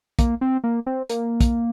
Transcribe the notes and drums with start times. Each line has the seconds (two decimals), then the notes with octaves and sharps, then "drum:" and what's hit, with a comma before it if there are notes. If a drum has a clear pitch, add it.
0.19 A#3, drum: kick, hi-hat
0.41 C4
0.64 A#3
0.86 C4
1.09 A#3, drum: hi-hat
1.41 drum: kick, hi-hat